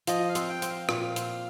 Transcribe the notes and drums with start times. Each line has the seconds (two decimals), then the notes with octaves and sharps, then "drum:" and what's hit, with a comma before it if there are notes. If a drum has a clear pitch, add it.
0.07 F3 D#5, drum: hi-hat
0.29 F5
0.35 C4, drum: hi-hat
0.49 G5
0.62 C4, drum: hi-hat
0.69 F5
0.89 A#2, drum: rim click
1.16 C4, drum: hi-hat